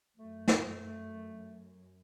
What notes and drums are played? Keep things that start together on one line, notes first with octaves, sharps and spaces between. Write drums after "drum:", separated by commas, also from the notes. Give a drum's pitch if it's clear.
F#2 A3
drum: snare